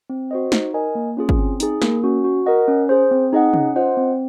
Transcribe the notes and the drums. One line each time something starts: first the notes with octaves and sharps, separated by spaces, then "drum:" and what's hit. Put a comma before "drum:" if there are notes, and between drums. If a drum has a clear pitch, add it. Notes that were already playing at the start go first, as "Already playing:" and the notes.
C4
F#4 C5 D#5
D#4, drum: snare
A#4 D#5 G#5
A#3
C#4 F4 G#4
drum: kick
C4
D#4 G#4, drum: hi-hat
A#3, drum: snare
C#4 F#4
F#4
A#4 D#5 F#5
C#4
G#4 C5
C4
D#4 G#4 D#5 F#5
C#4, drum: tom
F4 C5 D#5 F#5
C4